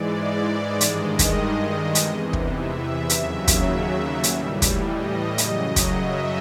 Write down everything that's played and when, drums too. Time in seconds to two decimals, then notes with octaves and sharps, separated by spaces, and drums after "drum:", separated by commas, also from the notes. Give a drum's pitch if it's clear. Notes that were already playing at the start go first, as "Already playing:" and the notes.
Already playing: G#2 E3 G#3 D5
0.24 D5
0.81 G2 D#3 G#3 D#5, drum: hi-hat
1.19 drum: kick, hi-hat
1.95 E2 C3 E3, drum: hi-hat
2.33 drum: kick
2.52 E5
3.09 D#2 C#3 F#3, drum: hi-hat
3.48 drum: kick, hi-hat
4.23 A2 E3 G3, drum: hi-hat
4.62 drum: kick, hi-hat
4.81 D#5
5.38 F#2 C#3 F#3, drum: hi-hat
5.76 drum: kick, hi-hat
5.95 E5